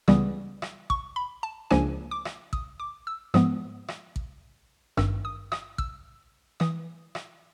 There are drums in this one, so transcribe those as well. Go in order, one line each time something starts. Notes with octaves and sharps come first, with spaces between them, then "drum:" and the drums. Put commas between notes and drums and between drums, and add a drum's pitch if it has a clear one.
C#2 C#3 E3 G3 B3 D#6, drum: rim click
drum: rim click
C#6, drum: kick A1
B5
A5
C#2 C#3 F3 A#3 D4 G#5, drum: rim click
D6
drum: rim click
D#6, drum: kick A1
D6
E6
G#2 F3 G#3 B3 D#6, drum: rim click
drum: rim click
drum: kick A1
G#1 G2 D#3 E6, drum: rim click
D#6
D#6, drum: rim click
E6, drum: kick A1
E3 D#6, drum: rim click
drum: rim click